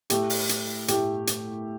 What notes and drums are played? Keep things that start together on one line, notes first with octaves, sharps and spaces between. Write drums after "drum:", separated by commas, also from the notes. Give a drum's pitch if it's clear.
A2 A3 G4, drum: hi-hat
drum: open hi-hat
drum: hi-hat
A2 A3 G4, drum: hi-hat
drum: hi-hat